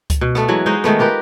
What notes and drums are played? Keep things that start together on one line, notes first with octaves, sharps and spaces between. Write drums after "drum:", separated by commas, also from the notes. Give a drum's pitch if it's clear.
drum: kick C#2, hi-hat
B2
A3 B3, drum: rim click
E3 F#3 G#3
G#3 D#4 F#4 C5
D#3 G#3 A3 B3, drum: rim click
F4 G4 A#4 B4